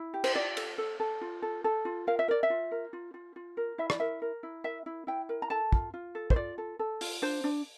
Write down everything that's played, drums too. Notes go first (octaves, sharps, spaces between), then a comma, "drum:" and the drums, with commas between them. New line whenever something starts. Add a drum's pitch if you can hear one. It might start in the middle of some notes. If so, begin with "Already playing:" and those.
Already playing: E4
G4
C5, drum: cymbal
F4 D5
A4, drum: cymbal
A4
A4
F4
A4
A4
F4
A#4 F5
E5
A#4 D5
E5
F4
A#4
F4
F4
F4
A#4
E4 E5
D5, drum: rim click
A#4 E5
A#4
E4
A#4 E5
E4
E4 G5
A#4
A#5
A4 A5
F4, drum: kick
F4
A4
C5, drum: kick
F4 D5
A4
A4
F4, drum: open hi-hat
D4 C5
D4